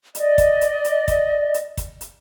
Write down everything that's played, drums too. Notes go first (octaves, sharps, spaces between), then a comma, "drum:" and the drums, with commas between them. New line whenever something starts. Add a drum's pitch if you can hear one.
D5 D#5, drum: hi-hat
drum: kick, hi-hat
drum: hi-hat
drum: hi-hat
drum: kick, hi-hat
drum: hi-hat
drum: kick, hi-hat
drum: hi-hat